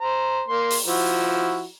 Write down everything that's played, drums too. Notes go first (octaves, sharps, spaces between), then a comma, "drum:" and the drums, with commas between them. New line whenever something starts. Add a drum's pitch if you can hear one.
C5 A#5
A#3 C6
drum: open hi-hat
F3 E4 F#4